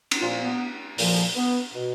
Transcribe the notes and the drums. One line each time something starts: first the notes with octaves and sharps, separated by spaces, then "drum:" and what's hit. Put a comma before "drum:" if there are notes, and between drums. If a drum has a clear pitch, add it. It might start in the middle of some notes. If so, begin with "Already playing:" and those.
drum: cymbal
A#2 F3 F4
B3
A#2 F3, drum: open hi-hat
B3
B2